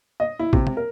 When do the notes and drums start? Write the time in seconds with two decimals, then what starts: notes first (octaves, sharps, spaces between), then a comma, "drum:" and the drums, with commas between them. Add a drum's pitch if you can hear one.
0.20 D#5
0.39 E4
0.53 C3, drum: kick
0.67 drum: tom
0.77 A#4